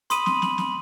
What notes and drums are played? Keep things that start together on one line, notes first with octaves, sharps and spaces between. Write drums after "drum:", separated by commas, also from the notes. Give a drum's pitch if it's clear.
B5 C6 D#6 D#7, drum: hi-hat
drum: snare
drum: snare
drum: snare